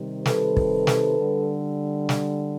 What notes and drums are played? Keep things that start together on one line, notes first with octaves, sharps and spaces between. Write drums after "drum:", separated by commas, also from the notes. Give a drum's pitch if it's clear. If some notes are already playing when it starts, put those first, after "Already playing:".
Already playing: C3 D#3 G3
A4 B4, drum: snare
drum: kick
drum: snare
D3 G3
drum: snare